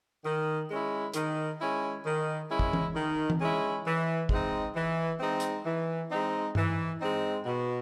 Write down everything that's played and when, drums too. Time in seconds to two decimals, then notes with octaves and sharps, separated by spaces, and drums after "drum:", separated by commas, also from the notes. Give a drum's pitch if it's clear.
0.23 D#3
0.68 G#3 C#4 E4
1.14 D#3, drum: hi-hat
1.58 G#3 C#4 E4
2.04 D#3
2.49 G#3 C#4 E4
2.59 drum: kick
2.73 drum: tom E3
2.94 D#3
3.30 drum: tom E3
3.39 G#3 C#4 E4
3.84 E3
4.29 G#3 C4 D#4, drum: kick
4.74 E3
5.20 G#3 C4 D#4
5.40 drum: hi-hat
5.65 E3
6.10 G#3 C4 D#4
6.55 E3, drum: tom G2
7.00 G#3 C4 D#4
7.45 B2